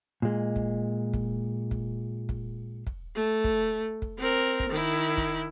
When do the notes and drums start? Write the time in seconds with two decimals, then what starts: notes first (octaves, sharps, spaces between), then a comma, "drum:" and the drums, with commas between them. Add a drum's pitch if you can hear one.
0.22 A#2 G#3
0.56 drum: kick
1.13 drum: kick
1.71 drum: kick
2.29 drum: kick
2.87 drum: kick
3.15 A3
3.44 drum: kick
4.02 drum: kick
4.18 C4 A#4
4.60 drum: kick
4.70 D#3 E4
5.17 drum: kick